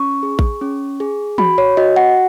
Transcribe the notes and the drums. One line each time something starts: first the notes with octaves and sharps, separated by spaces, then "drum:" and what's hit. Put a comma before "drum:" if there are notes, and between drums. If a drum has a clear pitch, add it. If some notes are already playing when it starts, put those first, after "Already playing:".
Already playing: C#4 C#6
G#4
drum: kick A1
C#4
G#4
F#4 B5, drum: tom E3
C#5
F#4 D#5
F#5